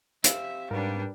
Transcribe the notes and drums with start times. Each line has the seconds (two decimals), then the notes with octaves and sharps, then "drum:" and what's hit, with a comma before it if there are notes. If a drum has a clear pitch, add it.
0.24 C4 G4 E5 F5, drum: hi-hat
0.71 G#2 G3 D4 A#4 B4